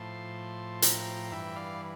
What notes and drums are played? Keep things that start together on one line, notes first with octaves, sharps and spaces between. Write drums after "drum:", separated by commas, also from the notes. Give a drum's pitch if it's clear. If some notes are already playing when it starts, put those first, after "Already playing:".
Already playing: A2 F3 A5 C6
G5 A#5, drum: hi-hat
G2 E3 E5 G5
D5 F5